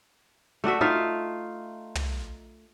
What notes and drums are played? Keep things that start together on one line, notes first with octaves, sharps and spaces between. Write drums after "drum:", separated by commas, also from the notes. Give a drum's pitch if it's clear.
A3 D4 F#4 E5
D#4 F4 E5 F5
drum: tom